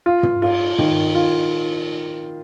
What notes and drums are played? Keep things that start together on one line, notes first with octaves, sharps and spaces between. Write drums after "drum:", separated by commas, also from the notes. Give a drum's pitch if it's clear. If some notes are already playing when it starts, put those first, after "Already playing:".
F4
drum: tom
F4, drum: cymbal
D#3, drum: tom
F4